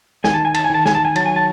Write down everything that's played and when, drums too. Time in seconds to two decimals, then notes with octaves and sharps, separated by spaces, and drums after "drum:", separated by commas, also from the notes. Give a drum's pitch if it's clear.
0.24 D#3 G#5, drum: snare
0.34 A5
0.45 G#5
0.54 A5, drum: cymbal
0.64 G#5
0.70 D#3 A5
0.86 G#5, drum: snare
0.95 A5
1.05 G#5
1.16 F#3 A5, drum: cymbal
1.26 G#5
1.36 A5